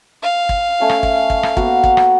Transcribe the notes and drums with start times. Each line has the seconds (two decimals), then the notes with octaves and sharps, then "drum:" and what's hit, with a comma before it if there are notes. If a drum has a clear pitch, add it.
0.23 F5
0.49 drum: kick
0.80 A3 C#4 G#5
0.89 drum: rim click
1.03 drum: kick
1.30 drum: kick
1.43 drum: rim click
1.57 A#3 B3 F#4, drum: kick
1.84 drum: kick
1.97 drum: rim click